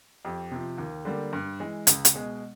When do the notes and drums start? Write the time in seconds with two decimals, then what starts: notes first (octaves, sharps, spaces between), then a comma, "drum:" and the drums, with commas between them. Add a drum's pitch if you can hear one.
0.25 F2 G4
0.51 C3 F3
0.78 D#2
1.05 D3 G3 A#3
1.33 G2
1.60 E3 G#3
1.87 C#2, drum: hi-hat
2.05 drum: hi-hat
2.14 B2 G#3